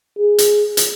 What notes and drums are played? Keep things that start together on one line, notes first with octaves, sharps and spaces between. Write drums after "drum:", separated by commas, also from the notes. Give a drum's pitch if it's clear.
G#4
drum: hi-hat
drum: hi-hat